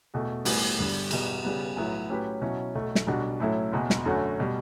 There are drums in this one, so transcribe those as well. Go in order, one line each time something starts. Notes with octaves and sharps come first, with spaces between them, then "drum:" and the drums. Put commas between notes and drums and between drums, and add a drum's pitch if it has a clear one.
E2 B2 A3
A1 A2 G3 B3, drum: open hi-hat
G1 G2 D3 G3
E1 E2 B2 G3 B3, drum: cymbal
C#3 G3 B3
B1 A2 F#3 B3 E4
A2 F#3 C#4 G4 B4
B2 F#3 C#4 E4
B1 B2 A3
drum: snare
B1 B2 G3 D4 F#4
A2 F#3 C#4 E4 A4
F#1 E2 B2
drum: snare
F#2 D3 A3 C#4 F#4
B2 G3